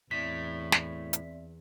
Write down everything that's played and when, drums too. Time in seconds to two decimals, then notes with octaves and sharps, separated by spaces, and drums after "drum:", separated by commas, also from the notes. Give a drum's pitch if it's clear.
0.11 E2 A2 C4 D5 E5 B6
0.72 drum: snare
1.13 drum: hi-hat